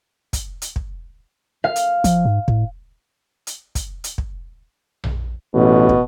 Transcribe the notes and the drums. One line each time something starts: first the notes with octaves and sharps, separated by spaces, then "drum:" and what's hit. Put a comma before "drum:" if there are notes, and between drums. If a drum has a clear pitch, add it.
drum: kick, hi-hat
drum: hi-hat
drum: kick
F5
drum: hi-hat
F3, drum: kick, hi-hat
G#2
A2, drum: kick
drum: hi-hat
drum: kick, hi-hat
drum: hi-hat
drum: kick
drum: tom A#1
A1 B2
drum: kick